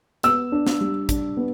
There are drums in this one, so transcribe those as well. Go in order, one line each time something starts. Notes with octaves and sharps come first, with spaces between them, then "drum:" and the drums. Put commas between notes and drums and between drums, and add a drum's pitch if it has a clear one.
B3 E6, drum: hi-hat
D4
drum: snare
G3
D4, drum: kick, hi-hat
B3